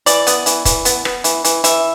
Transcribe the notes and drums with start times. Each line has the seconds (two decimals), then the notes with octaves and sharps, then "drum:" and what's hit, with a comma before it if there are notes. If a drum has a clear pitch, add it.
0.06 E3 D5, drum: hi-hat
0.27 B3, drum: hi-hat
0.46 E3, drum: hi-hat
0.65 E3, drum: kick, hi-hat
0.85 B3, drum: hi-hat
1.05 B3, drum: rim click
1.24 E3, drum: hi-hat
1.44 E3, drum: hi-hat
1.64 E3 E5, drum: hi-hat